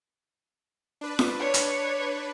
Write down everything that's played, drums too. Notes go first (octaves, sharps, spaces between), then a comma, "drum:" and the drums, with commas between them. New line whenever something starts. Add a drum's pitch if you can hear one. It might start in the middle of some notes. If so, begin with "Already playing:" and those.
D4 B4
drum: snare
C#5
drum: hi-hat